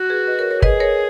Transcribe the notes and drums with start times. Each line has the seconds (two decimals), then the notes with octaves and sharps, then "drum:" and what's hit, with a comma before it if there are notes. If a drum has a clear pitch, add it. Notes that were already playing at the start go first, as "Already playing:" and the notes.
Already playing: F#4
0.10 G#4 B4
0.27 B4 D#5
0.39 A#4 C#5
0.51 A#4 C#5
0.62 G#4 B4 D#5, drum: kick
0.80 A#4 C#5